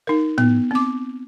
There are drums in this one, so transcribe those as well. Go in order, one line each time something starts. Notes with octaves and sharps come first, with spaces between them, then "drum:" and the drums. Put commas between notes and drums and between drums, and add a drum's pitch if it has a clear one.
D#4 A#4
B3, drum: tom A2
C4 D6